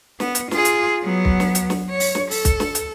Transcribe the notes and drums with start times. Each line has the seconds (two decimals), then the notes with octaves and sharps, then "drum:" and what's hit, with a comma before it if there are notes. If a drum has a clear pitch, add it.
0.20 B3, drum: snare
0.35 drum: hi-hat
0.51 F4 G#4, drum: snare
0.65 drum: hi-hat
1.04 F#3 B3
1.25 drum: kick
1.40 drum: snare
1.55 drum: hi-hat
1.70 drum: snare
1.89 C#5
2.00 drum: open hi-hat
2.15 drum: snare
2.31 A4, drum: open hi-hat
2.45 drum: kick, hi-hat
2.60 drum: snare
2.75 drum: hi-hat